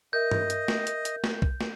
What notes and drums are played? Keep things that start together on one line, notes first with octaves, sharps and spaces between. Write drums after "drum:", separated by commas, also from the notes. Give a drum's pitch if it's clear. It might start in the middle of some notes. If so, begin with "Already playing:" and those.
A#4 D#5 E5 G6
drum: tom G2
drum: hi-hat
drum: snare
drum: hi-hat
drum: hi-hat
drum: snare
drum: kick B1
drum: snare